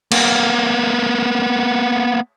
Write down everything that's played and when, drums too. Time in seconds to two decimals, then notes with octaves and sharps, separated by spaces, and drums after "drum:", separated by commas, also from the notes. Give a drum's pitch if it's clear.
0.12 A#3 B3, drum: cymbal